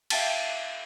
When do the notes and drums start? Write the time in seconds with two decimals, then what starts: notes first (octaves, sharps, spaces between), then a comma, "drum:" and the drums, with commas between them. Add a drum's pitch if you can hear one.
0.10 E5 F5 G5 A5 A6, drum: cymbal